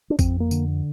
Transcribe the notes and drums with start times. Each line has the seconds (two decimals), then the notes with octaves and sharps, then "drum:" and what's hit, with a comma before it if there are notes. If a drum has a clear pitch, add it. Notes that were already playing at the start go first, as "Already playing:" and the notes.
0.10 D4
0.19 F2 C4, drum: kick G#1, tambourine
0.40 A#3
0.51 D3, drum: tambourine